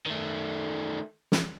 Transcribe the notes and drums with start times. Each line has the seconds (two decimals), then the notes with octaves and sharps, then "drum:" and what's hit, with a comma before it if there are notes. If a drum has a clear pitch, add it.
0.06 D#3 A3
1.32 drum: snare